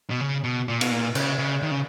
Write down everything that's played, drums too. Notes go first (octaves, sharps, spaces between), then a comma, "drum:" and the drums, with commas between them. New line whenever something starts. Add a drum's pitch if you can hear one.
B2
C#3
B2
A#2
B2, drum: cymbal
A#2
C#3, drum: cymbal
C#3
D#3
C#3